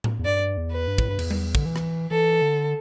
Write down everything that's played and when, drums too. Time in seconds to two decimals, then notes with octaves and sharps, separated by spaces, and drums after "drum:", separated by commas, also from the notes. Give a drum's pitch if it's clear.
0.04 drum: tom A2
0.19 E2
0.25 G2 D5
0.57 E2
0.72 B4
0.88 G2
0.98 A2, drum: kick
1.08 G2
1.19 E2, drum: cymbal
1.31 drum: tom G3
1.55 D3, drum: kick
1.65 E3
1.76 drum: rim click
2.11 E3 A4
2.42 D3